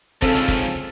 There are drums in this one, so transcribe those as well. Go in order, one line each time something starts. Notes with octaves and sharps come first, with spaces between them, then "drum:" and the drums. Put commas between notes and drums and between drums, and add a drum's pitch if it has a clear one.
F2 G#2 C#3 F3 C4 A4, drum: kick, hi-hat
drum: hi-hat
drum: kick, hi-hat